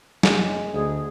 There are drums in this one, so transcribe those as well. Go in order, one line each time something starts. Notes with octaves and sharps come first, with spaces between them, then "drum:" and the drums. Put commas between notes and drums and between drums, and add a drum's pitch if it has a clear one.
F#1 G#3, drum: snare
D2 G#4